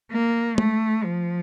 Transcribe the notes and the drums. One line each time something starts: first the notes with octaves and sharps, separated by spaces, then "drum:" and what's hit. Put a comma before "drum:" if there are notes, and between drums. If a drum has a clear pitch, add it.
A#3
A3, drum: tom G#3
F3